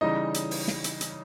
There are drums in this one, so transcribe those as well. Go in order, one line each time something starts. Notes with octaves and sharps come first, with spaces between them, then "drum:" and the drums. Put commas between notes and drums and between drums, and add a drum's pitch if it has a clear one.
C#3 E3 G3 C#4 D#4 D#5
drum: hi-hat
drum: open hi-hat
drum: snare
drum: hi-hat
drum: hi-hat